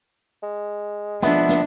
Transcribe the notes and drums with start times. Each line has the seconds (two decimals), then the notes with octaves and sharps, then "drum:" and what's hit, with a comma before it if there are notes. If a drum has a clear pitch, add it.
0.43 G#3
1.22 F3 B3 D4 E5, drum: snare
1.49 drum: snare